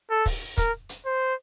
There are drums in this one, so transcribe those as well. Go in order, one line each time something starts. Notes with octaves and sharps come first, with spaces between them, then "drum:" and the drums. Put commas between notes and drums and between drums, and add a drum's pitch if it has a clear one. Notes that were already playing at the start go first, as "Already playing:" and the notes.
A4
drum: kick, open hi-hat
A#4, drum: kick, hi-hat
drum: hi-hat
C5